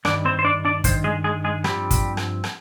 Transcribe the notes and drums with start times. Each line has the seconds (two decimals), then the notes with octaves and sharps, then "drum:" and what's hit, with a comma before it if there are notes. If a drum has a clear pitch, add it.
0.05 G2 D#3 G3 D4 D5, drum: rim click
0.25 C4 C5
0.39 C5
0.45 D4 D5
0.65 D4 D5
0.84 G2 D#3 C5, drum: kick, hi-hat
1.04 G#3 G#4
1.24 G#3 G#4
1.44 G#3 G#4
1.64 G2 F3 G3 C4 G4, drum: rim click
1.91 drum: kick, hi-hat
2.17 drum: rim click
2.44 drum: rim click